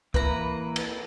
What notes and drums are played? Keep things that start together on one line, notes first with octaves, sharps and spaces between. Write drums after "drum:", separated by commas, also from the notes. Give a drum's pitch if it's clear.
E3 A#3 E4 B4 A#5, drum: kick
drum: cymbal